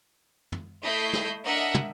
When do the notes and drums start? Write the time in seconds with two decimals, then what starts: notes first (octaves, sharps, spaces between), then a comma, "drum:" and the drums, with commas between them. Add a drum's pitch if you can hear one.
0.52 drum: tom
0.83 A3 E4 D#5 G6 B6 C7
1.13 drum: snare
1.45 D4 A#4 D#5 E5 F#5
1.74 drum: tom